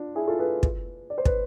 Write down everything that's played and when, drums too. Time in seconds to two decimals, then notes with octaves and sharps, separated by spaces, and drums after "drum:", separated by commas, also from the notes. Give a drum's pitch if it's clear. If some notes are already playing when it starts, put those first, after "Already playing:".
Already playing: D4 F4
0.15 E4 G#4
0.27 F4 A4
0.39 G#4 B4
0.63 drum: kick
1.10 D5
1.18 C5
1.25 B4, drum: kick